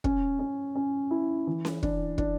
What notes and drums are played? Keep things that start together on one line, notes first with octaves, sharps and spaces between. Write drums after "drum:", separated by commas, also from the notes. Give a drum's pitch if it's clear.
C#4, drum: kick
C#4
C#4
E4
E3
drum: snare C#4
D4, drum: kick
D4, drum: kick